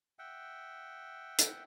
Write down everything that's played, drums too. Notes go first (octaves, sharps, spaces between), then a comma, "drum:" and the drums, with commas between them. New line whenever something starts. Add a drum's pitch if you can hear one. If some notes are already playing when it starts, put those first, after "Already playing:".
E5 F#5 G5
drum: hi-hat